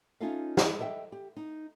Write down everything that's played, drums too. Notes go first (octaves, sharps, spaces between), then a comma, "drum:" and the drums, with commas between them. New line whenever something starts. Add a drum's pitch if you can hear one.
C#4 D#4 F4 A4 E5 F5
drum: snare
A4 D#5 E5 F#5 G5
G4
D#4